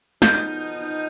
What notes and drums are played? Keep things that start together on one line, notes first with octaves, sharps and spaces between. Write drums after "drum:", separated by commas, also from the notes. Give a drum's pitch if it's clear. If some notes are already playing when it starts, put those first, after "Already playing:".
F3 B3 D#4 G6, drum: snare